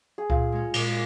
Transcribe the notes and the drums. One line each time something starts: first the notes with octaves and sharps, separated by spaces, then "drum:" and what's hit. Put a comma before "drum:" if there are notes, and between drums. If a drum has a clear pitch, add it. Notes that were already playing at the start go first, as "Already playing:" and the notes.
G#4
A#2 F4, drum: kick C#2
G#3 C#4
A#2, drum: cymbal